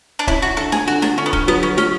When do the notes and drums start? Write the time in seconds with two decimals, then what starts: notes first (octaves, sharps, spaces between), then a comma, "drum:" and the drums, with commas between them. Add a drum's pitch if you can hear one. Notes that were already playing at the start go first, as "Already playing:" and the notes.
0.19 D4
0.27 C#4 E4, drum: kick
0.42 F#4
0.57 D3 A4
0.72 G#4, drum: snare
0.87 D3 F#4
1.02 D4, drum: snare
1.18 D3 C#4
1.26 B3
1.33 C#4, drum: kick
1.48 F#3 B3
1.63 C#4
1.77 F#3 C#4, drum: snare